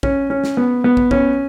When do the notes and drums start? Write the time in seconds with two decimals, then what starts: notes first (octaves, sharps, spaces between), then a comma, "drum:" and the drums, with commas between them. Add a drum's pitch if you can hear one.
0.03 C#4, drum: kick
0.30 C#4
0.44 drum: snare
0.57 B3
0.84 B3
0.97 drum: kick
1.11 C#4, drum: kick